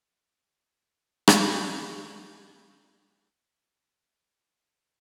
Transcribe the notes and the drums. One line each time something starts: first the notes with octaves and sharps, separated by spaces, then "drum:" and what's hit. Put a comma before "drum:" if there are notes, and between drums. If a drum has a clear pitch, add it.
G3 A#3 D5
G3 C4 C#4
drum: rim click
A#3 C#4 F4 C5 D5 F#5
B2